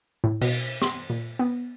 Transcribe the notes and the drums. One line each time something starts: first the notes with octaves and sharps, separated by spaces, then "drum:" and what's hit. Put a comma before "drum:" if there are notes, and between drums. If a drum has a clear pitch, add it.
A2
B2, drum: cymbal
C6, drum: snare
A#2
B3